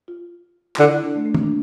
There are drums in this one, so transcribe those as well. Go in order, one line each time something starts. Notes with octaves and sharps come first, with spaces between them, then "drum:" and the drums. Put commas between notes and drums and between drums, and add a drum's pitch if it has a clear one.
F4
F4, drum: clap
D3 E4
E4
D4
A3
A3
A#3, drum: tom
D4